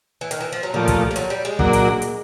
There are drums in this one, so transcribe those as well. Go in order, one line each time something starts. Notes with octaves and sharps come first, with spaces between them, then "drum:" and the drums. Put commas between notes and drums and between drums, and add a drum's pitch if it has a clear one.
E3
D#3, drum: hi-hat
E3
F3
F#3
A#2 F3 G3 A3
drum: kick, hi-hat
F3
F#3, drum: hi-hat
G3
G#3
A#2 F#3 A#3 D4, drum: kick
drum: hi-hat
drum: hi-hat